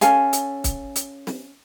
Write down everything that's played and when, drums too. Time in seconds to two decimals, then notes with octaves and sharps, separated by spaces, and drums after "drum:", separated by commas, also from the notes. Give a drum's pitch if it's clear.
0.01 C#4 A4 F5 G#5, drum: hi-hat
0.33 drum: hi-hat
0.64 drum: kick, hi-hat
0.96 drum: hi-hat
1.27 drum: snare